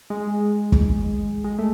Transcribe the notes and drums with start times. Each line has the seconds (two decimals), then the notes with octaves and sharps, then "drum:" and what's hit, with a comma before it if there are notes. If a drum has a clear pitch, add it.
0.10 G#3
0.72 drum: kick
1.44 G#3
1.59 A3